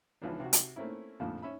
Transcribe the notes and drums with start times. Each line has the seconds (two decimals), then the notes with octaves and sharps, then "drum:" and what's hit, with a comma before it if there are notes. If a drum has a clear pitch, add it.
0.22 C#2 E3 F3 B3 D4
0.40 C3 F#4
0.53 drum: hi-hat
0.76 A3 A#3 C4 C#4 E4
1.20 A#1 F2 A2 D3 F3
1.42 C#4 E5 B5